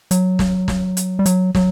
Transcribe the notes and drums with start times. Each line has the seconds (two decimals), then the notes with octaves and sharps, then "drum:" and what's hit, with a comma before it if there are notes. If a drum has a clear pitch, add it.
0.11 F#3, drum: hi-hat
0.39 drum: snare
0.68 drum: snare
0.97 drum: hi-hat
1.19 G3
1.26 F#3, drum: hi-hat
1.55 F#3, drum: snare